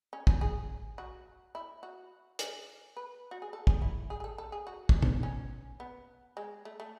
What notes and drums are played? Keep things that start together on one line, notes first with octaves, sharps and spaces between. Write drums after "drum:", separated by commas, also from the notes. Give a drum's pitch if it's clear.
C#4
C#4, drum: kick
G#4
F#4
E4
F#4
G#4, drum: hi-hat
B4
F#4
G#4
A4
G#4, drum: kick
E4
G#4
G#4
A4
A4
G#4
F#4
drum: kick
drum: tom
C#4
B3
G#3
A3
A3